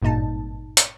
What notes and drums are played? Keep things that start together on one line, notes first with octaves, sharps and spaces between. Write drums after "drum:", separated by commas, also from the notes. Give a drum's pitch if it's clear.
G#1 G2 A#2 D#4 A5
drum: hi-hat